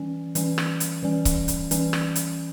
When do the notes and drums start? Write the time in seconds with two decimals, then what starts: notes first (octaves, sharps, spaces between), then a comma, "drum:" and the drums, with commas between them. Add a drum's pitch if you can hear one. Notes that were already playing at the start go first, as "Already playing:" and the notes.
Already playing: E3 G3 C#4
0.35 E3 G3 C#4, drum: hi-hat
0.58 drum: rim click
0.80 drum: hi-hat
1.03 E3 G3 C#4
1.25 drum: kick C#1, hi-hat
1.48 drum: hi-hat
1.71 E3 G3 C#4, drum: hi-hat
1.93 drum: rim click
2.15 drum: hi-hat